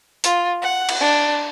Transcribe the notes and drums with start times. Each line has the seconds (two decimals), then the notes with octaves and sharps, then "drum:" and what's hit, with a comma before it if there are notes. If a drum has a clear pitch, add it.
0.24 F4, drum: hi-hat
0.62 F#5
0.89 drum: cymbal
1.01 D4